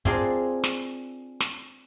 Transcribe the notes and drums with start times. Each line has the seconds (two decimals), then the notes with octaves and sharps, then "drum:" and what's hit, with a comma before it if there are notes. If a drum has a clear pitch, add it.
0.05 C4 D4 F4 G#4 A#4, drum: kick
0.64 drum: snare
1.40 drum: snare